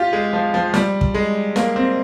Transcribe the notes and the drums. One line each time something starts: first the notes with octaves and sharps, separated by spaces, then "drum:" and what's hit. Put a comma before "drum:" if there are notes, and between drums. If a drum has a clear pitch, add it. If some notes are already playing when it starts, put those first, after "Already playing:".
Already playing: F4 G4
G#3
F3
F3
G3, drum: snare
drum: kick
G#3
A#3, drum: snare
C4